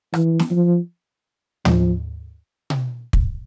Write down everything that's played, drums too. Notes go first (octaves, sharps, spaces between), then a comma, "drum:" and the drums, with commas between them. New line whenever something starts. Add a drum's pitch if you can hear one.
E3, drum: rim click
drum: snare
F3
F3, drum: tom
drum: tom B2
drum: kick